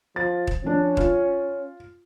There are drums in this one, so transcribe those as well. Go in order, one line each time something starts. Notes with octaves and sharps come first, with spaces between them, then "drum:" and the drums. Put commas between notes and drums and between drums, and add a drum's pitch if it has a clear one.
F3 A6
drum: kick D#1
F3 C#4 D4
F4, drum: kick D#1